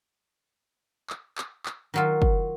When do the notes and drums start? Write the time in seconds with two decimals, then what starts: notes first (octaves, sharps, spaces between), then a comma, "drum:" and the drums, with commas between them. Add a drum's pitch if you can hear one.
1.10 drum: clap
1.38 drum: clap
1.66 drum: clap
1.94 D#3 F#3 F4
2.22 drum: kick